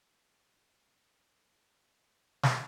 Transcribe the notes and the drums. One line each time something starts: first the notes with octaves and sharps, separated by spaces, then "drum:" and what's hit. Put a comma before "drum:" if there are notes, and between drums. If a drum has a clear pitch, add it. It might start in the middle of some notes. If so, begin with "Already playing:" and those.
D#6 F6
drum: snare